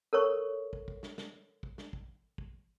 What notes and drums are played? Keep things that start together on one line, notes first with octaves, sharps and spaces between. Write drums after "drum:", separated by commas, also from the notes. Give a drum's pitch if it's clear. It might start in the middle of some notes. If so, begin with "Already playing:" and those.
A4 A#4 C#5 C#6
drum: kick
drum: kick
drum: snare
drum: snare
drum: kick
drum: snare
drum: kick
drum: kick